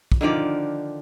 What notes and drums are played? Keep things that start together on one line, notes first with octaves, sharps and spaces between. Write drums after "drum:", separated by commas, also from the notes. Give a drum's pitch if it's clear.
drum: kick
D3 D#3 F3 D5